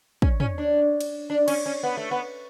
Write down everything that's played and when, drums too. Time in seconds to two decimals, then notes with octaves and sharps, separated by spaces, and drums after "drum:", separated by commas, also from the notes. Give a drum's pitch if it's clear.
0.22 C#4, drum: kick
0.40 C#4, drum: tom
0.58 D4
1.01 drum: cymbal
1.30 D4
1.48 C#4, drum: cymbal
1.66 C#4
1.83 B3
1.97 A3
2.11 B3